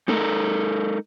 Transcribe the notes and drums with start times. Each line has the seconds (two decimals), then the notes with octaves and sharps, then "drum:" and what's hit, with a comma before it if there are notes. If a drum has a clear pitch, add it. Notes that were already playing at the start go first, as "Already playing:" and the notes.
0.08 G#3 D#4 A4 A#4, drum: tom G#3